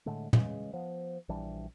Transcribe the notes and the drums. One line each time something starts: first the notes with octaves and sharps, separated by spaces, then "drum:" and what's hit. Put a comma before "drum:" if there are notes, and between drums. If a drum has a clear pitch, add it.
A2 D3 G#3 A3
C#3 E3 G#3 C#4, drum: tom
F3 B3
A#1 E3 G3 D4